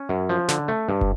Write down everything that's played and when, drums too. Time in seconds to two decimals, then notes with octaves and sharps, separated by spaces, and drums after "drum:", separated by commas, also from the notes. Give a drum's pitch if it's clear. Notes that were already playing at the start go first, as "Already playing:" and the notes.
Already playing: C#4
0.09 F#2
0.29 F3
0.48 D3, drum: snare
0.68 A3
0.89 G2
1.01 drum: kick